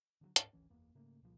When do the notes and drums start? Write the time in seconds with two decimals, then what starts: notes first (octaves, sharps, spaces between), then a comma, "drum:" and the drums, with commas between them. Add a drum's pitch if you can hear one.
0.21 D3 D#3 F#3
0.36 D1 G#2 C#4, drum: hi-hat
0.53 D1 G#1 E3 C#4
0.70 F#1 E2 A#3 B3
0.95 G#2 C#3 A3 A#3
1.22 C2 A#2 F3 G3